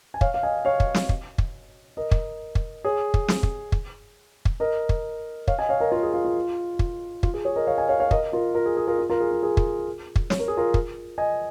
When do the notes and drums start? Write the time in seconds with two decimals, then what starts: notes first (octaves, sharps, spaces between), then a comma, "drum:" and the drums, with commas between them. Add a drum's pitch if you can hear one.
0.14 G#5
0.21 C#5 F5, drum: kick
0.34 F5
0.43 D#5 G#5
0.65 C#5 F5
0.80 drum: kick
0.94 drum: snare
1.09 drum: kick
1.38 drum: kick
1.97 A#4 D#5
2.11 drum: kick
2.55 drum: kick
2.84 G#4 C#5
3.14 drum: kick
3.28 drum: snare
3.43 drum: kick
3.72 drum: kick
4.45 drum: kick
4.60 A#4 D#5
4.89 drum: kick
5.48 C#5 F5, drum: kick
5.59 D#5 G#5
5.69 C#5 F5
5.80 A#4 D#5
5.92 F4 A#4
6.03 G#4
6.14 F4
6.25 F4
6.79 drum: kick
7.23 F4, drum: kick
7.34 G#4
7.45 G#4 C#5
7.56 A#4 D#5
7.67 C#5 F5
7.78 D#5 G#5
7.89 C#5 F5
8.00 C#5 F5
8.11 A#4 D#5, drum: kick
8.33 F4 A#4
8.55 F4 A#4
8.66 G#4
8.77 G#4
8.87 F4 A#4
8.99 F4
9.10 F4 A#4
9.20 G#4
9.31 F4
9.43 G#4
9.57 drum: kick
10.16 drum: kick
10.30 C#5, drum: snare
10.39 A#4
10.48 G#4
10.57 F4 A#4
10.74 drum: kick
11.18 D#5 G#5